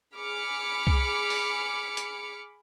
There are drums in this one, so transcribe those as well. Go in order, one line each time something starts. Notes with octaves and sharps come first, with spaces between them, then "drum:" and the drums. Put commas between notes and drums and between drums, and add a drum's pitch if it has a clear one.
G#4 B5 D6 F6 C#7
drum: kick C2
drum: open hi-hat
drum: hi-hat